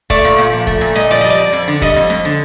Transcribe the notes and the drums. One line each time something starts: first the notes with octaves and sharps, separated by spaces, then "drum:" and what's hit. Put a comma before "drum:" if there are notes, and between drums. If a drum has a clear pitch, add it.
A3 D5, drum: kick
A#2
A#2
F3
A3, drum: kick
A#2
A#2 D#5, drum: snare
F3 D5
G3 D#5
D5
F2
F2
D3
G3 D#5, drum: kick
F2
F2, drum: snare
D3